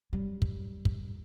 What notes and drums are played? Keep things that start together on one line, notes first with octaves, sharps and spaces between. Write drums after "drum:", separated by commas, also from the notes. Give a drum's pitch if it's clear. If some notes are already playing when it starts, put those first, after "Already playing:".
F#2 G3
drum: kick
drum: kick